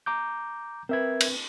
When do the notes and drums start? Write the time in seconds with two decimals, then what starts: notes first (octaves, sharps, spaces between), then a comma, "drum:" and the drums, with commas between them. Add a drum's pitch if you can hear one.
0.06 A#5 D6 G6
0.89 C4 A#4 B4 E5 G#6
1.21 drum: cymbal